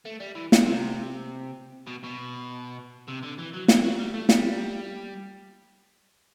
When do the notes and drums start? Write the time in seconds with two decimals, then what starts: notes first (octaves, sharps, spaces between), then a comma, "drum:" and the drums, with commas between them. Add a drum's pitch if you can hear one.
0.05 A3
0.20 G3
0.35 E3
0.52 drum: snare
0.66 C3
1.87 B2
2.04 B2
3.08 C3
3.23 D3
3.38 E3
3.53 F#3
3.68 E3, drum: snare
3.84 F#3
3.99 G3
4.14 A3
4.29 G3, drum: snare